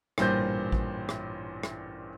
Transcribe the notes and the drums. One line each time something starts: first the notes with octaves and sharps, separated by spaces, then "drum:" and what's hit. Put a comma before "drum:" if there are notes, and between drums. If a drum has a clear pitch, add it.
A1 G2 A#2 C5 G6, drum: rim click
drum: kick A1
drum: rim click
drum: rim click